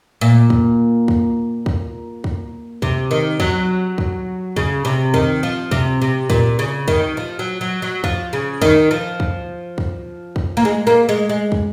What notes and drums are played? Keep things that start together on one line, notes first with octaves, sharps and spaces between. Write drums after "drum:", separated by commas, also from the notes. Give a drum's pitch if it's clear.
A#2
drum: kick
drum: kick
drum: kick
drum: kick
C3, drum: kick
D#3
F#3, drum: kick
drum: kick
C#3, drum: kick
C3
D#3, drum: kick
F3
C3, drum: kick
C3
A#2, drum: kick
C#3
D#3, drum: kick
F3
F#3
F#3
F#3
F3, drum: kick
C#3
D#3, drum: kick
F3
drum: kick
drum: kick
drum: kick
A#3
G#3
A#3
G#3
G#3
drum: kick